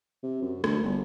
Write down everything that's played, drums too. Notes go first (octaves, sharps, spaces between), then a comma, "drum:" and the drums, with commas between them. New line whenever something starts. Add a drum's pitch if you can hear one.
C3
F#2
D2, drum: rim click
G1